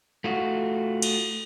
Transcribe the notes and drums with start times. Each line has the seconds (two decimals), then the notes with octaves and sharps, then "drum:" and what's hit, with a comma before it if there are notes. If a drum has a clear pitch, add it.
0.24 A3 F4 F#4
1.02 drum: cymbal